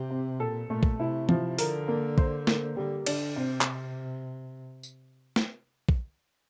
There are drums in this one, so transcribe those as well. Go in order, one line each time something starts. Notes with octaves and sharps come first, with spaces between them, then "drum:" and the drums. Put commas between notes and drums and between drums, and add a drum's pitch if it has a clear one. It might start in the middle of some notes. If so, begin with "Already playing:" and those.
Already playing: C3 G4
C4
A#2 A4
A#2 A3
drum: kick
C3 E4
F3, drum: tom E3
D3 A#4, drum: open hi-hat
A#3
C5, drum: kick
A#3, drum: snare
D3 G3
D3 D4, drum: cymbal
C3 C4
drum: clap
drum: tambourine
drum: snare
drum: kick